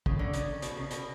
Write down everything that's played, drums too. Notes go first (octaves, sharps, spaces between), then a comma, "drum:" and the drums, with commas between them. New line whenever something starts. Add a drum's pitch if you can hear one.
C#3, drum: kick
D3
C#3, drum: hi-hat
B2, drum: hi-hat
C#3
B2, drum: hi-hat